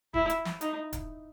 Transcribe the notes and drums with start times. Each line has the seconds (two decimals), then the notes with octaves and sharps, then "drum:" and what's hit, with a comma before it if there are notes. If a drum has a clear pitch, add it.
0.14 E4, drum: kick D#1
0.30 drum: hi-hat
0.45 drum: snare
0.61 D#4, drum: hi-hat
0.93 drum: kick D#1, hi-hat